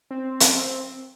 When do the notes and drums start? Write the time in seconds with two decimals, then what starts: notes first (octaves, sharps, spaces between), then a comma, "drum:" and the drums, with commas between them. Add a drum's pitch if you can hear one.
0.11 C4
0.40 drum: hi-hat